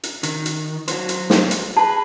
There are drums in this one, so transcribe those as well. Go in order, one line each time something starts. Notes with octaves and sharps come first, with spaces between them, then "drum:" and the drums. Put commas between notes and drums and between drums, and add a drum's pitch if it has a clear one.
drum: hi-hat
D#3, drum: hi-hat
drum: hi-hat
F#3 C5, drum: hi-hat
drum: hi-hat
drum: snare
drum: hi-hat
G#4 B4 A5